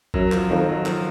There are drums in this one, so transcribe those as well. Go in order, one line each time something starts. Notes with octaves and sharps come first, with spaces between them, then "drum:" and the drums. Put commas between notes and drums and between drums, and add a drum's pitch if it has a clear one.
F#2 F#3, drum: kick G#1
F3, drum: clap
F2 D#3
F#3
F3, drum: clap